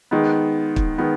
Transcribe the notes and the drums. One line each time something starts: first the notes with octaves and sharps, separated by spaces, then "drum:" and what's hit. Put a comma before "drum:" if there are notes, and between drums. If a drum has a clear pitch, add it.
D#3 G#3 B3
drum: kick
D#3 G#3 B3